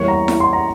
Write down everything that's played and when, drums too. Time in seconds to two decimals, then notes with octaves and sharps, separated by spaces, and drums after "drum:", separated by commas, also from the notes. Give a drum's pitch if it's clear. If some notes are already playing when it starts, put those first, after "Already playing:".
Already playing: E2 E3 G3 A#3 C#5
0.08 A#5
0.28 drum: snare E4
0.40 C6
0.53 A#5